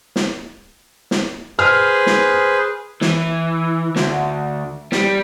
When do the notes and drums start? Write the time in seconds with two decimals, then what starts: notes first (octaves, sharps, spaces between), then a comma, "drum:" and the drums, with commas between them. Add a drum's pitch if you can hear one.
0.16 drum: snare
1.11 drum: snare
1.59 G#4 B4 C5 F6
2.06 drum: snare
3.01 E3, drum: snare
3.96 D2, drum: snare
4.92 G3, drum: snare